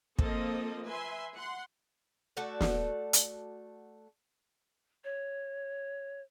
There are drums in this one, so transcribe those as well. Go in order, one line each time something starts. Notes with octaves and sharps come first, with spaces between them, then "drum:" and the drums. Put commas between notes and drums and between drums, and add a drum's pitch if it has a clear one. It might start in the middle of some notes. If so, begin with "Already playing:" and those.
F3 A#3 C4 A4 D#5, drum: kick
B4 E5 G#5 C6
F#5 C6
A3 F#4 A4 D5
drum: snare
drum: hi-hat
C#5